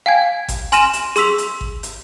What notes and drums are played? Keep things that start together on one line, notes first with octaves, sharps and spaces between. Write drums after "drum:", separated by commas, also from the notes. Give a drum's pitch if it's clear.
F5 G5 G#5 G#6
drum: kick G#1, hi-hat
G#5 C6 F6 A#6 D#7 E7, drum: hi-hat
drum: hi-hat
G#4 C6 E6 B6 F7, drum: hi-hat
drum: hi-hat
drum: kick G#1
drum: hi-hat